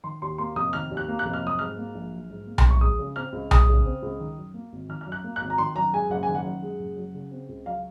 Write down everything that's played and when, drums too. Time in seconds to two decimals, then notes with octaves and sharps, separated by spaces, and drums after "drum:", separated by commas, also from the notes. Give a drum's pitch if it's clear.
0.04 D#3 C6
0.22 D#2 C6
0.38 A#3 C6
0.56 F1 D#6
0.73 D#3 F6
0.91 D#2
0.97 F#6
1.08 A#3
1.19 F#6
1.25 F1
1.33 F6
1.43 F#3 D#6
1.59 G#2 F6
1.77 A#3
1.95 A#1
2.12 F#3
2.30 G#2
2.47 A#3
2.58 C6, drum: tom B1
2.65 A#1
2.70 C#6
2.81 G#3 D#6
2.99 C#3
3.16 C4 F6
3.33 C#2
3.51 G#3 D#6, drum: tom B1
3.68 C#3
3.85 C4
4.03 C#2
4.20 D#3
4.37 F#2
4.54 A#3
4.73 G#1
4.89 D#3 F6
5.01 F6
5.06 F#2
5.12 F#6
5.24 A#3
5.36 F#6
5.42 G#1
5.50 A#5
5.58 D#3 C6
5.76 F#2 A#5
5.93 G#3 G#5
6.10 F#1 F#5
6.23 G#5
6.28 D#3
6.35 F#5
6.45 F#2
6.63 G#3
6.80 F#1
6.97 F#3
7.14 C#3
7.32 C4
7.49 C#2
7.66 F#3 F5